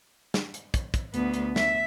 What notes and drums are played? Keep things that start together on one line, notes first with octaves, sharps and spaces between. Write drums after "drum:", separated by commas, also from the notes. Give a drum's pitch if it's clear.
drum: snare
drum: hi-hat
drum: kick, hi-hat
drum: kick, hi-hat
D2 B3, drum: hi-hat
drum: hi-hat
E5, drum: snare